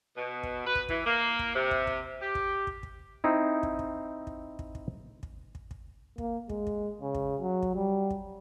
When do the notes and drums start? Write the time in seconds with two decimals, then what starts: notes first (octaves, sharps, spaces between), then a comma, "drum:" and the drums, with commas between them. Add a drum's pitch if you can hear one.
0.17 B2
0.43 drum: kick
0.66 B4
0.75 drum: kick
0.89 E3, drum: kick
1.06 A#3
1.39 drum: kick
1.55 C3
1.71 drum: kick
1.87 drum: kick
2.22 G4
2.35 drum: kick
2.67 drum: kick
2.83 drum: kick
3.24 C4 D#4 E4
3.63 drum: kick
3.79 drum: kick
4.27 drum: kick
4.59 drum: kick
4.75 drum: kick
5.23 drum: kick
5.55 drum: kick
5.71 drum: kick
6.18 A#3, drum: kick
6.50 G#3, drum: kick
6.67 drum: kick
7.02 C#3
7.15 drum: kick
7.41 F#3
7.63 drum: kick
7.75 G3
8.10 drum: kick